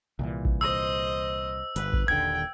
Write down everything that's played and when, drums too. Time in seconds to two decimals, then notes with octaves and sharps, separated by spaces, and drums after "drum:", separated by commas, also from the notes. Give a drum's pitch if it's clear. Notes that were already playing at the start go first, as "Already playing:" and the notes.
0.19 C2 A#2 E3
0.45 drum: kick A1
0.61 C5 D#5 E6
1.76 G1 B4, drum: hi-hat
1.93 drum: kick A1
2.08 D#1 D#2 D3 G5 G#6